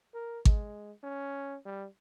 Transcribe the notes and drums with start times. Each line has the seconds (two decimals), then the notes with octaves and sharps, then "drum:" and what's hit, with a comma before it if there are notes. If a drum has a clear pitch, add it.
0.14 A#4
0.45 G#3, drum: kick G#1
1.03 C#4
1.66 G3